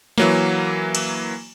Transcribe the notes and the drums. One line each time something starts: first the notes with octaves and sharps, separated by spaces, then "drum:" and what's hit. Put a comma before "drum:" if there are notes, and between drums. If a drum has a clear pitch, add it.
E3 F#3 A#3, drum: snare
drum: cymbal